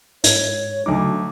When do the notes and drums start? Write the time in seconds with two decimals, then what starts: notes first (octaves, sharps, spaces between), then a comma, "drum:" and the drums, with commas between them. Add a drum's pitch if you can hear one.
0.24 G#2 C#5 G#6, drum: hi-hat
0.86 D2 F#3 D4 D#4 D6